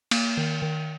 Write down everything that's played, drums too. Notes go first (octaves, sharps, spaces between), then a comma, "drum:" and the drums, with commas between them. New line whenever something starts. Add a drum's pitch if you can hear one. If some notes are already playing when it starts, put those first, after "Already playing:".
A#3, drum: cymbal
D#3
D#3